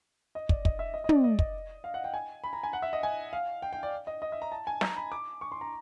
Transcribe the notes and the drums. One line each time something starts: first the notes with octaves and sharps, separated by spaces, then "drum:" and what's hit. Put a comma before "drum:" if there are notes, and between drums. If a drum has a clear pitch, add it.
D#5
D5, drum: kick
D#5, drum: kick
E5
D#5
D#5
D5, drum: tom
D#5
D#5, drum: kick
F5
F#5
G5
G#5
B5
A#5
G#5
F#5
E5
D#5
G#5
F5
G5
G5
D5
D#5
D#5
E5
A#5
A5
G#5
A#5, drum: snare
B5
D6
C#6
C6
A#5